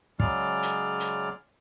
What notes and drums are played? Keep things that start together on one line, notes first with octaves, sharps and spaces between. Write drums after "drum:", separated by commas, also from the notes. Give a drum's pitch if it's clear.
C#3 F#3 G#3 D5 F6, drum: kick
drum: hi-hat
drum: hi-hat